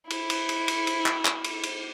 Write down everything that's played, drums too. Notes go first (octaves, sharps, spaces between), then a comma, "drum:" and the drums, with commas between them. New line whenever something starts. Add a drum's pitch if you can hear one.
E4, drum: cymbal
drum: cymbal
drum: cymbal
drum: cymbal
drum: cymbal
drum: clap
drum: clap
drum: cymbal
drum: cymbal